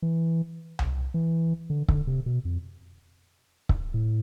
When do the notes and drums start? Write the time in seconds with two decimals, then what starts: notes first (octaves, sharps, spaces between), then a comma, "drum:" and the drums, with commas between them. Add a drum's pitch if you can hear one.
0.02 E3
0.79 drum: tom C2
1.14 E3
1.70 D3
1.88 D3, drum: kick C#1
2.07 C3
2.26 B2
2.45 F2
3.69 drum: kick C#1
3.94 A2